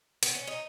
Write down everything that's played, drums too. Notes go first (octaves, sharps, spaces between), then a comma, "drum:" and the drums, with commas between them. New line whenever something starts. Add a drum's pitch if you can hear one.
B3, drum: hi-hat
C#4
D#4